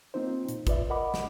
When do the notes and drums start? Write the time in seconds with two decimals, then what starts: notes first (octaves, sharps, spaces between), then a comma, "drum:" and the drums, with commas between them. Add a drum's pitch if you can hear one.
0.14 A#3 C4 D#4 F4 C5
0.48 A#2, drum: hi-hat
0.67 F4 B4 D5 E5, drum: kick, hi-hat
0.90 A#4 D#5 F#5 B5 D6
1.14 drum: snare